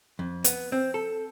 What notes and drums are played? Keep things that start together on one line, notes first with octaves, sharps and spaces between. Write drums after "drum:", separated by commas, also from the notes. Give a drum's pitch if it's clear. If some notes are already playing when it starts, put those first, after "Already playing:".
F2
B3, drum: hi-hat
C4
A4